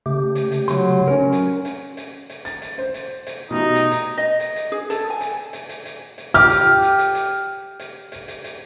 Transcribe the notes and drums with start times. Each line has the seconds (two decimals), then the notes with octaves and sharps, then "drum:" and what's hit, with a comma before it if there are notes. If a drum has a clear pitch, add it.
0.06 C#3 A3 G4
0.35 drum: hi-hat
0.52 drum: hi-hat
0.68 F#3 C6, drum: hi-hat
1.08 C#4 A#4
1.32 drum: hi-hat
1.65 drum: hi-hat
1.97 drum: hi-hat
2.30 drum: hi-hat
2.45 A6, drum: hi-hat
2.62 drum: hi-hat
2.78 C5
2.94 drum: hi-hat
3.27 drum: hi-hat
3.51 B2 A3 D#4 G4
3.75 drum: hi-hat
3.91 drum: hi-hat
4.18 D#5
4.40 drum: hi-hat
4.56 drum: hi-hat
4.72 G#4
4.90 A4, drum: hi-hat
5.10 G#5
5.21 drum: hi-hat
5.53 drum: hi-hat
5.69 drum: hi-hat
5.85 drum: hi-hat
6.18 drum: hi-hat
6.34 G4 F6, drum: hi-hat
6.50 drum: hi-hat
6.82 drum: hi-hat
6.99 drum: hi-hat
7.15 drum: hi-hat
7.80 drum: hi-hat
8.12 drum: hi-hat
8.28 drum: hi-hat
8.44 drum: hi-hat